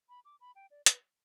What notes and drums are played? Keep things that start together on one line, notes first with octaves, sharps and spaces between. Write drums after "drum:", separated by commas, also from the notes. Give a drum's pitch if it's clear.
B5
D6
B5
G5
D5
B4, drum: hi-hat